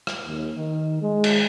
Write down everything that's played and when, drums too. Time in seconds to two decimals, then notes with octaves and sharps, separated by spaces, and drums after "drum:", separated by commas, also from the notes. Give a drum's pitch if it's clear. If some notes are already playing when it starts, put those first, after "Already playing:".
0.07 drum: rim click
0.24 D#2
0.55 D#3
1.01 G#3
1.24 drum: cymbal